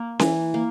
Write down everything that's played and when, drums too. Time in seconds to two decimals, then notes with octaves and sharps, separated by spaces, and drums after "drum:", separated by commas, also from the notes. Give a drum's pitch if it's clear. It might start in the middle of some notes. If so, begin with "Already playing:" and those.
Already playing: A#3
0.19 E3, drum: snare C#4
0.54 A#3